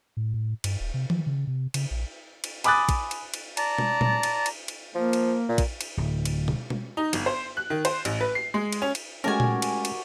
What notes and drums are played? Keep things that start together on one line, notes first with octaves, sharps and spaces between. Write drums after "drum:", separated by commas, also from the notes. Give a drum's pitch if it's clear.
A2
A2
G2, drum: cymbal
D#1
C3
F3, drum: tom D#3
C#3
C3
C#3, drum: cymbal
A#1
drum: cymbal
G#5 B5 D6 D#6 F#6 A6, drum: cymbal
drum: kick A#1, cymbal
drum: cymbal
drum: cymbal
D5 A5 A#5, drum: cymbal
drum: tom
drum: tom A#2
drum: cymbal
drum: cymbal
drum: cymbal
F3 A#3
drum: cymbal
A#2
drum: kick A#1, cymbal
drum: cymbal
D1
drum: cymbal
drum: tom
drum: tom
D#4
G1, drum: cymbal
C5
F#6
D#3
C5, drum: cymbal
A1, drum: cymbal
B4
C7
G#3
drum: cymbal
C#4
drum: cymbal
G#3 A3 C#4 F#4 G4 A#4 G#5 A5
drum: tom A#2
drum: cymbal
drum: cymbal